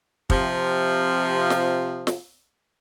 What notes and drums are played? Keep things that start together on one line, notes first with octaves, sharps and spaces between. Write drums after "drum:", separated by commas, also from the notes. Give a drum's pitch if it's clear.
C3 F3, drum: kick
drum: snare
drum: snare